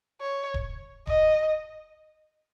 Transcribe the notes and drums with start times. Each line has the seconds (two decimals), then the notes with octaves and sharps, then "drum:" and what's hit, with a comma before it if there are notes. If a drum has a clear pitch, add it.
0.21 C#5
0.54 drum: kick D#1
1.07 D#5, drum: kick D#1